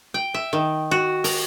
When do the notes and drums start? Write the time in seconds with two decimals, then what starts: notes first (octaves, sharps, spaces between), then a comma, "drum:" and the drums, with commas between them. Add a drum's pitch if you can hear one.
0.14 G5
0.34 E5
0.53 D#3
0.91 F#4
1.24 A#4, drum: open hi-hat